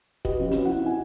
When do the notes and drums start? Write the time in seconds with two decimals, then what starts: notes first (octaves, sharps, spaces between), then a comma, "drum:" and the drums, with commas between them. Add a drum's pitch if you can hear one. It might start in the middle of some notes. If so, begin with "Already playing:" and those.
0.25 F#4 G4 B4 D#5, drum: kick
0.39 F3 C4 C#4 F4
0.51 C#4 F#4, drum: hi-hat
0.65 C4 E4 F#5
0.83 D#4 G#5